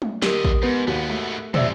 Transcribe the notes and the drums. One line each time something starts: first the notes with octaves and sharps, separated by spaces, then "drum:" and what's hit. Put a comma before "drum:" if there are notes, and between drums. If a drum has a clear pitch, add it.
drum: tom
D3 G4 A#4 D#5, drum: snare
drum: kick A1
G#2 B3 B4
D#2 G#2 B3 F#4
A3
F1 E2 G#3 C5 D5 E5 E6, drum: tom